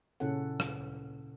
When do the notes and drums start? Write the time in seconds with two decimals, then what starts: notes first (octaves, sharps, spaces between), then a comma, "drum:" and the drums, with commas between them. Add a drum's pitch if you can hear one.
0.20 A#2 C#3 C#4 E4 A4 F#5
0.60 drum: rim click